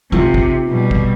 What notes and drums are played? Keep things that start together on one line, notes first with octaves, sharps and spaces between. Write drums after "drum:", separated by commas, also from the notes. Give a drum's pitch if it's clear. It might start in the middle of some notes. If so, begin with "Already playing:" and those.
C3 D#4 F4
drum: kick
B2 G3
drum: kick